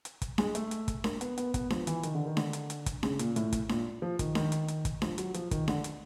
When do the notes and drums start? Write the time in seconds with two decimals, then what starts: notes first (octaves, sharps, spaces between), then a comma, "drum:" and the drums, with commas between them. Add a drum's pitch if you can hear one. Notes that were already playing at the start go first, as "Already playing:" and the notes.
0.05 drum: hi-hat
0.22 drum: kick, hi-hat
0.38 G#3, drum: snare D4
0.55 A3, drum: hi-hat
0.71 drum: hi-hat
0.88 drum: kick, hi-hat
1.04 A#3, drum: snare D4
1.21 B3, drum: hi-hat
1.38 B3, drum: hi-hat
1.54 B3, drum: kick, hi-hat
1.70 F3, drum: snare D4
1.87 E3, drum: hi-hat
2.03 D#3, drum: hi-hat
2.15 D3
2.26 D#3
2.37 D3, drum: snare D4
2.53 drum: hi-hat
2.70 drum: hi-hat
2.86 drum: kick, hi-hat
3.03 C#3, drum: snare D4
3.19 A#2, drum: hi-hat
3.36 A2, drum: hi-hat
3.53 drum: kick, hi-hat
3.69 A#2, drum: snare D4
4.02 F3
4.19 D#3, drum: kick, hi-hat
4.35 D#3, drum: snare D4
4.52 drum: hi-hat
4.68 drum: hi-hat
4.85 drum: kick, hi-hat
5.02 F3, drum: snare D4
5.18 F#3, drum: hi-hat
5.34 F3, drum: hi-hat
5.51 D#3, drum: kick, hi-hat
5.68 D3, drum: snare D4
5.84 drum: hi-hat